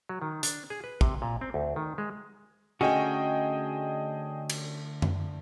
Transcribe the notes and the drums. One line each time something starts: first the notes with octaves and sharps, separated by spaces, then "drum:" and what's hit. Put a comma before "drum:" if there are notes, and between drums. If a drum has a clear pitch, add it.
F#3
D#3
D4, drum: hi-hat
G#4
B4
C3, drum: kick A1
A#2
C4
D2
D#3
G#3
D3 A3 C#4 F#4 G#4 D#5 G5
drum: cymbal
drum: tom F#2